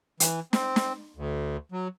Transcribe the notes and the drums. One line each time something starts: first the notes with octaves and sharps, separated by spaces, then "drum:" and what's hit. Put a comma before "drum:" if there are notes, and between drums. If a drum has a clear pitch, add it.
E3, drum: hi-hat
C4, drum: snare
drum: snare
D2
F#3